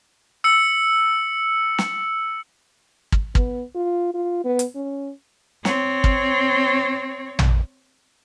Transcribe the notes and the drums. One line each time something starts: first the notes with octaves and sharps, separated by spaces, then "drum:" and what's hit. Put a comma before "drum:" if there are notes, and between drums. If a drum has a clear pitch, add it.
E6 C#7
drum: snare
drum: kick
B3, drum: kick
F4
F4
B3
drum: hi-hat
C#4
C4 C#5, drum: snare
drum: kick
drum: tom